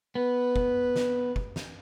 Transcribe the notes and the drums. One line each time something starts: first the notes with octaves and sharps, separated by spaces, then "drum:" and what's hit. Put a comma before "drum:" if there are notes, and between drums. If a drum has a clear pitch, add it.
B3 B4
drum: kick
drum: snare
drum: kick
drum: snare